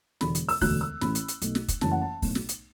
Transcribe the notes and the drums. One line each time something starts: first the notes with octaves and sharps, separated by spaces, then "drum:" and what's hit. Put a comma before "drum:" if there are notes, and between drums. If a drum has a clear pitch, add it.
E1 E2 D3 F#3 B5, drum: snare
drum: hi-hat
E6, drum: open hi-hat
E1 D2 D3 F#3 A3 F#6, drum: kick, open hi-hat
E6
A1 A2 A3 B5, drum: snare
drum: hi-hat
drum: hi-hat
B1 B2 A3, drum: hi-hat
drum: snare
drum: kick, hi-hat
F#1 F#2 E3 A3 A5, drum: snare
F#5
A5
B1 A2 A3, drum: kick, open hi-hat
drum: snare
drum: hi-hat